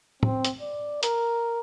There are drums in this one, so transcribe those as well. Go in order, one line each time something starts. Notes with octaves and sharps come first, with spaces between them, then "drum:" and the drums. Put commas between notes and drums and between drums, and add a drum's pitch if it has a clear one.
C4, drum: tom
drum: hi-hat
D5
A#4, drum: hi-hat